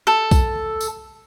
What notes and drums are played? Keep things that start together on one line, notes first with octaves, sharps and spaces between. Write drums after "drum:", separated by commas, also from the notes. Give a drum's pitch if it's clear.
A4
drum: kick B1, tambourine
drum: tambourine